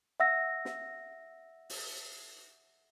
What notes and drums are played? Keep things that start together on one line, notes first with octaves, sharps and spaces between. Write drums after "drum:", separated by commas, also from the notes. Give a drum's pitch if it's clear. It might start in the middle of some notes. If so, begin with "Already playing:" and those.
E5 F#5 E6 A#6
drum: snare
drum: open hi-hat